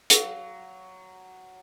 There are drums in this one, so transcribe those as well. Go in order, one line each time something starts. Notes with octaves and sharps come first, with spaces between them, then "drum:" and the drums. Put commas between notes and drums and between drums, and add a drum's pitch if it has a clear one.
F#3 F5, drum: hi-hat